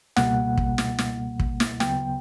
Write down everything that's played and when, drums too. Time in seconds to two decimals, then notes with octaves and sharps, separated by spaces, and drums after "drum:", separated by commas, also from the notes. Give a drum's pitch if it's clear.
0.16 C#2 B2 G3 A#3 F#5, drum: snare
0.57 drum: kick
0.78 drum: snare
0.99 drum: snare
1.40 drum: kick
1.60 drum: snare
1.80 D2 C#3 F#3 B3 G5, drum: snare